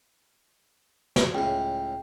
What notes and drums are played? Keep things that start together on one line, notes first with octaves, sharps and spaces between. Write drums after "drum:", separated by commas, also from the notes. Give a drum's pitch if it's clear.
drum: snare
C#2 A2 G5